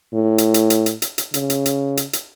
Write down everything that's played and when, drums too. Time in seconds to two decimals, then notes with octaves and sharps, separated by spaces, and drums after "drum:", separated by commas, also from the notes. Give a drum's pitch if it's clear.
0.14 A2
0.38 drum: hi-hat
0.54 drum: hi-hat
0.70 drum: hi-hat
0.86 drum: hi-hat
1.02 drum: hi-hat
1.18 drum: hi-hat
1.34 C#3, drum: hi-hat
1.50 drum: hi-hat
1.66 drum: hi-hat
1.97 drum: hi-hat
2.13 drum: hi-hat